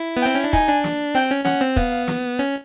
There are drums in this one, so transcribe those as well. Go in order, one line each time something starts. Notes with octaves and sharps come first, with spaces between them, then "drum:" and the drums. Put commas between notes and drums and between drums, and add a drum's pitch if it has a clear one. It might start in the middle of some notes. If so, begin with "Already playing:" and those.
Already playing: E4
B3
C4 G5
C#4
D4
D#4 G#5, drum: kick
D4
drum: snare
C4 G5
C#4
C#4 F#5, drum: snare
C4
B3 F5, drum: kick
drum: snare
C#4